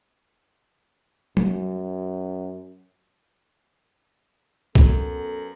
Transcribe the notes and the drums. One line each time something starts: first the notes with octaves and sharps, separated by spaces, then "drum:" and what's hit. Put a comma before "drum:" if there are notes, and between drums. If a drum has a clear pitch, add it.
F#2, drum: tom
F#2 B3 A4, drum: kick